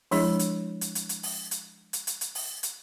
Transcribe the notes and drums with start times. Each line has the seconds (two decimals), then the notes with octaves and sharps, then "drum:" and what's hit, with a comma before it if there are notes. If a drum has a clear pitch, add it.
0.11 F3 G#3 D4 E4 G#4, drum: open hi-hat
0.39 drum: hi-hat
0.81 drum: hi-hat
0.95 drum: hi-hat
1.09 drum: hi-hat
1.23 drum: open hi-hat
1.51 drum: hi-hat
1.93 drum: hi-hat
2.07 drum: hi-hat
2.21 drum: hi-hat
2.35 drum: open hi-hat
2.63 drum: hi-hat